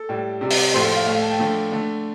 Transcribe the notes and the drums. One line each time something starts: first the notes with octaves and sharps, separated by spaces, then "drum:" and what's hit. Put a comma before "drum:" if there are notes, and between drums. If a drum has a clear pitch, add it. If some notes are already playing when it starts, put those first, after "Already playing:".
Already playing: A4
A2 G3
C3 G3
drum: open hi-hat
A2 F3 A3 C5
C5
F5
A2 A3 F5
A5
G5
D3 F3 A3
D3 A3